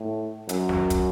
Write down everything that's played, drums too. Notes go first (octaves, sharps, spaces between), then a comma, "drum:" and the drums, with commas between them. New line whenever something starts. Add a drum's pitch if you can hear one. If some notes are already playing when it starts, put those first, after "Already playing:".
Already playing: A2
F#2, drum: hi-hat
drum: snare
drum: kick, hi-hat